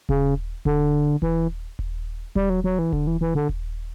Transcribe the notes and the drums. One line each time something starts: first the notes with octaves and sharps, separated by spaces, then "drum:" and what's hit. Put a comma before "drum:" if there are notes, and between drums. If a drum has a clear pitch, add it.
C#3, drum: kick D#1
D3, drum: kick D#1
E3, drum: kick D#1
drum: kick D#1
G3, drum: kick D#1
F#3
F#3
E3
D3, drum: kick D#1
E3
E3
D3
drum: kick D#1